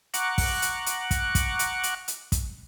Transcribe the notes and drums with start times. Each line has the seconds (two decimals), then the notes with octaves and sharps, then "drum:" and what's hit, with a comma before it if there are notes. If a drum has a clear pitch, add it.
0.14 F#5 A#5 C#6 D6 F#6, drum: hi-hat
0.38 drum: kick, open hi-hat
0.62 drum: hi-hat
0.86 drum: hi-hat
1.11 drum: kick, hi-hat
1.35 drum: kick, hi-hat
1.59 drum: hi-hat
1.83 drum: hi-hat
2.08 drum: hi-hat
2.32 drum: kick, hi-hat